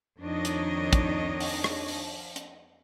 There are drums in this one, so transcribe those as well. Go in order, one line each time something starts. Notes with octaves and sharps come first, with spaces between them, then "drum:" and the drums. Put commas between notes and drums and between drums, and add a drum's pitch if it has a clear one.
F2 D#3 D4 D#4 C#5 D#5
drum: hi-hat
drum: kick, hi-hat
drum: open hi-hat
drum: rim click
drum: open hi-hat
drum: hi-hat